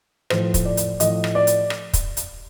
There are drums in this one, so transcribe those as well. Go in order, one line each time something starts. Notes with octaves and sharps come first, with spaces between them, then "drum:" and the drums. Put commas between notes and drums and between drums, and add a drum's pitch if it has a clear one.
A2 F3 C5, drum: rim click
drum: kick, hi-hat
D5
drum: hi-hat
A2 F3 D#5, drum: hi-hat
drum: rim click
D5
drum: hi-hat
drum: rim click
drum: kick, hi-hat
drum: hi-hat